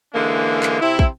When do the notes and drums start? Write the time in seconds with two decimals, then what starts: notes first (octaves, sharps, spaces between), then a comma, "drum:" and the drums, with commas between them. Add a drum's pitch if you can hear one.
0.13 D3 E3 G#3 A#3 C#4
0.63 drum: clap
0.81 C3 C4 E4
0.99 drum: kick